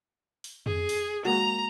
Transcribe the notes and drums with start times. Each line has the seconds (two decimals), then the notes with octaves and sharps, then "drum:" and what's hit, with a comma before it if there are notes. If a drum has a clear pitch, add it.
0.44 drum: open hi-hat
0.66 G#4, drum: tom F2
0.89 drum: open hi-hat
1.25 G#3 A#3 F#4 A#5